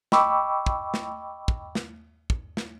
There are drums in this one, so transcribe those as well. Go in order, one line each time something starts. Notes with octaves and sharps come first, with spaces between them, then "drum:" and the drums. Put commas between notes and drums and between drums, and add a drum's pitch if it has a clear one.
D#5 G5 B5 C#6 D6 E6, drum: snare
drum: kick
drum: snare
drum: kick
drum: snare
drum: kick
drum: snare